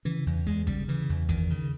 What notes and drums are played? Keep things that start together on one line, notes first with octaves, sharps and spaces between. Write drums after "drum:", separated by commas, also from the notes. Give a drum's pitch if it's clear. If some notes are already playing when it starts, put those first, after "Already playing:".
C#3 E3
E2
E2 G#3
C#3 G3, drum: kick
C#3 E3
E2
E2 D#3, drum: kick
C#3